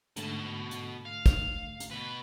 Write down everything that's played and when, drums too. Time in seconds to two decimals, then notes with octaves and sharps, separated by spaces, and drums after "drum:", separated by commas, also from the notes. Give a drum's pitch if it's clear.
0.16 G#2 B2 D3 A3 A5, drum: hi-hat
0.71 drum: hi-hat
1.05 F5
1.26 drum: kick, hi-hat
1.80 drum: hi-hat
1.91 B2 B4